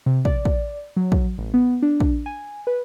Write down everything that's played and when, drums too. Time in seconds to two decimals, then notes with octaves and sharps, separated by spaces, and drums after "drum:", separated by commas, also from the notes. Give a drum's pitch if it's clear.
0.06 C3
0.25 D5, drum: kick
0.45 drum: kick
0.96 F#3
1.12 drum: kick
1.38 A1
1.54 B3
1.82 D4
2.00 drum: kick
2.26 G#5
2.67 B4